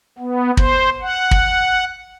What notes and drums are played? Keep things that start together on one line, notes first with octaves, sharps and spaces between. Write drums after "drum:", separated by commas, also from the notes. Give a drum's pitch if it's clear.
B3
C5, drum: kick
F#5
drum: kick